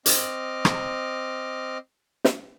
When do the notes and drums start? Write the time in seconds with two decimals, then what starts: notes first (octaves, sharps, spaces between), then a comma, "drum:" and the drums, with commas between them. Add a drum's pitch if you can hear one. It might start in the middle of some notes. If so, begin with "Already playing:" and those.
0.06 C4 D#5 D6 F6, drum: hi-hat
0.65 drum: rim click
2.24 drum: snare